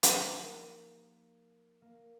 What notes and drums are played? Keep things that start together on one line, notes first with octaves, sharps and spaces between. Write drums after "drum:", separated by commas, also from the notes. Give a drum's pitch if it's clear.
F3 A#3 D#4 G4 A#4, drum: hi-hat
A#3